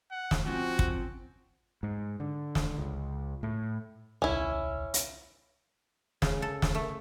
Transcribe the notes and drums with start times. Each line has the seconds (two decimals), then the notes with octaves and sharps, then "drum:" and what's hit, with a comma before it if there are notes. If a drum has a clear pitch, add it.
0.11 F#5
0.31 drum: snare
0.46 F3 C4 C#4 F#4 G5
0.79 drum: kick
1.83 G#2
2.20 D3
2.55 drum: snare
2.78 C#2
3.43 A2
4.22 D#1 C2 C#4 E4
4.94 drum: hi-hat
6.22 C#3, drum: snare
6.42 A4
6.62 drum: snare
6.75 A3